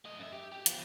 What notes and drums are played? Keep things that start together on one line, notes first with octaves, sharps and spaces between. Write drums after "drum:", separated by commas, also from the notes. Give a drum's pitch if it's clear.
A3 D#5
F#2 E5
G4
G4
F3 B3, drum: hi-hat